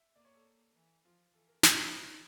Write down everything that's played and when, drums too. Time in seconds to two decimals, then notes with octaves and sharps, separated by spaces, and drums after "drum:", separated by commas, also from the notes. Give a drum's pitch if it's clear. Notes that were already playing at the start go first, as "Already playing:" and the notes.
Already playing: E5
0.15 A#3 D5
0.25 C#5
0.35 A4
0.75 E3
1.04 F3 F4
1.34 E3 A4
1.48 A#4
1.63 C#3 C#5, drum: snare
1.78 D5
1.93 D3 C#5
2.07 C#5